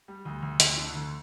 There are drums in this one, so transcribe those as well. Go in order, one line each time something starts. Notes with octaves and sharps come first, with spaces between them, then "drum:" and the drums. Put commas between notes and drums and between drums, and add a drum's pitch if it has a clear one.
G3
D2
D2
D2, drum: hi-hat
D3
D2